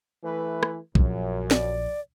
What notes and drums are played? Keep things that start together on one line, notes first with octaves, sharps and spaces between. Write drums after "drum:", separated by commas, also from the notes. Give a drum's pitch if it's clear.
E3 A3 B4
drum: rim click
A#1 F#2, drum: kick B1
D5, drum: snare